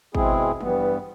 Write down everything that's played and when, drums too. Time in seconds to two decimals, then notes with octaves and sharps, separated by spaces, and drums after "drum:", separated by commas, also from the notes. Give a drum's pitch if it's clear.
0.15 B2 G#3 C4 E4 G#4, drum: kick
0.61 G2 E3 G3 B3, drum: tom